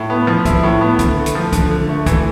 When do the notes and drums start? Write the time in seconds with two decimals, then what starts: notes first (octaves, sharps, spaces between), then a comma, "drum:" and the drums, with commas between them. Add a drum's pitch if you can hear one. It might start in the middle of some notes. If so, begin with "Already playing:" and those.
Already playing: A2
0.10 B3
0.27 F3
0.45 E4, drum: kick, hi-hat
0.63 A2
0.81 B3
0.99 D3, drum: kick, hi-hat
1.17 A3
1.26 drum: hi-hat
1.35 F3
1.53 D3, drum: kick, hi-hat
1.71 D3
1.89 A3
2.06 E3, drum: kick, hi-hat